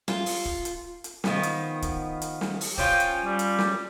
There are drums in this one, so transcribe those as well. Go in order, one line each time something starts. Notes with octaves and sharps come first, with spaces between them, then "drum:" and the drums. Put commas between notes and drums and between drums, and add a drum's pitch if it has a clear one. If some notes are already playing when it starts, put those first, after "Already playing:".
F4, drum: snare
drum: open hi-hat
drum: kick
drum: hi-hat
drum: hi-hat
D#3 F3 B3, drum: snare
drum: hi-hat
drum: kick, hi-hat
drum: hi-hat
drum: snare
drum: open hi-hat
F3 C#4 F4 G5, drum: kick
drum: hi-hat
G3
drum: hi-hat
drum: snare